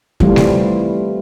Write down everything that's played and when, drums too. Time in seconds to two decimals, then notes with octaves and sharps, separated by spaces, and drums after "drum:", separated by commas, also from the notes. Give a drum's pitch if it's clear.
0.20 E3 G3 A3 C4 F4, drum: kick
0.36 drum: snare G3